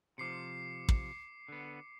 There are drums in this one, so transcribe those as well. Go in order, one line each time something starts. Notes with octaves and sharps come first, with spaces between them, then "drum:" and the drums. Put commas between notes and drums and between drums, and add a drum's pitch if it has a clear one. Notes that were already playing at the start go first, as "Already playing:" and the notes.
C3 F3 D6 C7 C#7
drum: kick
D3 B3